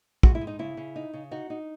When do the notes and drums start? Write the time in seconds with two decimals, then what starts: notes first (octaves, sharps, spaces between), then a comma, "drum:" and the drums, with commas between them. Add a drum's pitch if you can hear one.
0.23 G#3 F#4, drum: kick
0.35 E4
0.41 G#3
0.47 D#4
0.59 C#3 E4
0.77 C#3
0.96 D#4
1.14 C#3
1.31 D#4 F#4
1.50 D#4